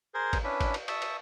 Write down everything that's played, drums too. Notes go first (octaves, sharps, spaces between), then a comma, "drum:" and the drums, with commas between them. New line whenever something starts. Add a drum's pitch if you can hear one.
G#4 A#4 C5
drum: kick G#1, cymbal
C#4 D4 E4 B4
drum: kick G#1, cymbal
drum: cymbal
E5 A5 C#6 D#6, drum: cymbal
drum: cymbal